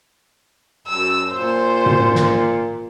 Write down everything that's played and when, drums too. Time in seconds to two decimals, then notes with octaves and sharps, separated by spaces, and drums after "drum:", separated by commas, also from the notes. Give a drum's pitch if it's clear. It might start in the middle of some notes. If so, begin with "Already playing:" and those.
0.87 F#2 E6
1.32 A#2 C5
1.86 drum: tom
2.15 drum: snare